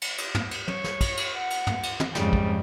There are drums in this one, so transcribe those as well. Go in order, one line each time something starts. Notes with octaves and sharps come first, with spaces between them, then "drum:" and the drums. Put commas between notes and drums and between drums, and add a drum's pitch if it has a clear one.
drum: cymbal
drum: cymbal
drum: tom
drum: cymbal
C#5, drum: tom
drum: snare
drum: kick, cymbal
drum: cymbal
F#5
drum: cymbal
drum: tom
drum: cymbal
drum: tom
F2 G#2 C#3 G3, drum: snare
drum: kick